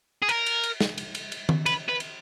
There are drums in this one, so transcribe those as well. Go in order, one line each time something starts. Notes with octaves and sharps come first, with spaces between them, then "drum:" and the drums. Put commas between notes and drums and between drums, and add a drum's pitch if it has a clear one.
G#4
A#4, drum: cymbal
drum: cymbal
drum: cymbal
drum: snare
drum: cymbal
drum: cymbal
drum: cymbal
drum: tom D#3
B4, drum: cymbal
B4
drum: cymbal